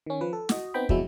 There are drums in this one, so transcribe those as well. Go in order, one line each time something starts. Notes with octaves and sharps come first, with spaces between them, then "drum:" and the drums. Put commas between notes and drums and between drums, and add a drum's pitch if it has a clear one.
D#3 C#4
F3 B4
A4
F#4 D#5, drum: snare
B3 C4 D#4 G5 B5
F2 B2 F#3 G#3 E4, drum: kick